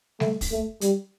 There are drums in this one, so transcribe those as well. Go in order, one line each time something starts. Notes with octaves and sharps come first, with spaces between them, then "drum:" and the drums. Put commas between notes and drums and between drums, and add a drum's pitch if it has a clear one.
A3, drum: snare
drum: kick, open hi-hat
A3
G3, drum: hi-hat